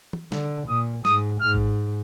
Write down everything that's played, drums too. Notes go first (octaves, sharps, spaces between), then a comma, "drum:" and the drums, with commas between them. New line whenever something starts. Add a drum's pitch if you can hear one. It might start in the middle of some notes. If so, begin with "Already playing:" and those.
drum: tom
D3, drum: snare G3
A#2 D#6
G#2 D#6, drum: snare G3
G#2 F6
drum: kick G#1